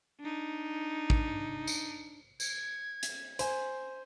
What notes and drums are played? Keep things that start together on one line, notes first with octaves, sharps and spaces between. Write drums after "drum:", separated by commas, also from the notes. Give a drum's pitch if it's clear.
D4 D#4
drum: kick A1
drum: tambourine
G#6, drum: tambourine
drum: hi-hat
C5 G#5, drum: hi-hat